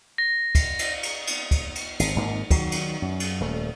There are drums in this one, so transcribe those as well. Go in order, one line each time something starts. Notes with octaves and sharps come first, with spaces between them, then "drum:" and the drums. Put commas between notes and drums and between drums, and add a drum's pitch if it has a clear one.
A#6
drum: kick, cymbal
drum: cymbal
drum: cymbal
drum: cymbal
drum: kick, cymbal
drum: cymbal
G#1, drum: cymbal
G#1 G#2 A#3
D#3 F#3, drum: kick, cymbal
drum: cymbal
F#2
drum: cymbal
D#1 A3